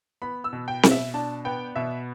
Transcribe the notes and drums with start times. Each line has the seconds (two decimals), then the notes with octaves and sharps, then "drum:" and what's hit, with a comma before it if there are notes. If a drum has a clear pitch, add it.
0.22 B3 B5
0.44 E6
0.53 B2
0.68 G5
0.83 B2, drum: snare C4
0.91 E5
1.14 D4 A5
1.45 B3 G5
1.76 B2 E5